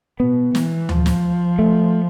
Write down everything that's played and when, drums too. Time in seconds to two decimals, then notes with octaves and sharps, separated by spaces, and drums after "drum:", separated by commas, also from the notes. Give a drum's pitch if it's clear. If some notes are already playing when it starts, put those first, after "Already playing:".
0.20 B2 B3
0.55 E3, drum: snare
0.89 F3, drum: tom D2
1.06 drum: snare
1.59 A3